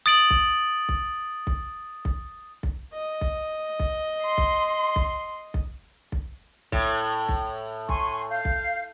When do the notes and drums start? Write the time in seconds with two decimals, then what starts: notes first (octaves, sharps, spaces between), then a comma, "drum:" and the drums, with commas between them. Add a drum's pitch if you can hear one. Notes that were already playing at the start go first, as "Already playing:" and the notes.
0.06 D#6 A6 D7 F#7
0.30 drum: kick B1
0.89 drum: kick B1
1.47 drum: kick B1
2.05 drum: kick B1
2.63 drum: kick B1
2.93 D#5
3.21 drum: kick B1
3.80 drum: kick B1
4.23 C6
4.38 drum: kick B1
4.96 drum: kick B1
5.54 drum: kick B1
6.12 drum: kick B1
6.72 A2, drum: kick B1
7.29 drum: kick B1
7.89 G#5 C6 C#6, drum: kick B1
8.30 F5 G6
8.45 drum: kick B1